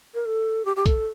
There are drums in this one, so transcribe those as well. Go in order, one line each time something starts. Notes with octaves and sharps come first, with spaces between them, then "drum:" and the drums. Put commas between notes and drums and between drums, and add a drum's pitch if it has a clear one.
A#4
A4
G4
G4
A4, drum: kick B1, hi-hat